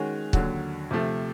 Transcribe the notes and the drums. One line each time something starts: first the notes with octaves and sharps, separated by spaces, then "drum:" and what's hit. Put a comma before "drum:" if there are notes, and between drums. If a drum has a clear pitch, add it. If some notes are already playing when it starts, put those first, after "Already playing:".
Already playing: D#3 G#3 C#4 F#4
D#2 D3 F#3, drum: kick
C3 F3 A3